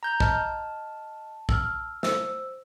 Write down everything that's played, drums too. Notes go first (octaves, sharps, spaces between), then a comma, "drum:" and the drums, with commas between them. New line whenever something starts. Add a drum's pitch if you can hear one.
A#5 G6
D#5 A5 F6, drum: kick
E6 F6, drum: kick
C5 E6, drum: snare